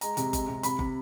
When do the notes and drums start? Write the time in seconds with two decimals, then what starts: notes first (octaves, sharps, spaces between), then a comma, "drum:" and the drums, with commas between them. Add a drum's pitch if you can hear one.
0.01 G#3 A#5, drum: hi-hat
0.17 C3, drum: hi-hat
0.33 G#3, drum: kick F#1, hi-hat
0.48 C3
0.63 C3 B5, drum: hi-hat
0.79 C3, drum: kick F#1